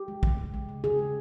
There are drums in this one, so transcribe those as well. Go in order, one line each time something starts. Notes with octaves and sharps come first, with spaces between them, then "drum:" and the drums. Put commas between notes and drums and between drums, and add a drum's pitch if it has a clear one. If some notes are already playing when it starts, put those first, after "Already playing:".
Already playing: G4
G#3
C#3, drum: kick
G#3
G#3
C#3
C#3 G#4
G#3